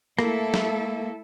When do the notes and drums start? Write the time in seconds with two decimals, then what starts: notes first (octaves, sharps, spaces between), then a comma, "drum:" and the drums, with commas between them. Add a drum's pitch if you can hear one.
0.19 A3 A#3 E4 A4, drum: rim click
0.54 drum: snare